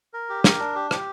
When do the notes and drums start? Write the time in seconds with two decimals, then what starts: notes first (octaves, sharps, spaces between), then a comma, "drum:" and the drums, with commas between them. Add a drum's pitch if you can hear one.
0.14 A#4
0.29 G4
0.44 A#4, drum: snare
0.60 D4
0.75 G4
0.91 G4, drum: rim click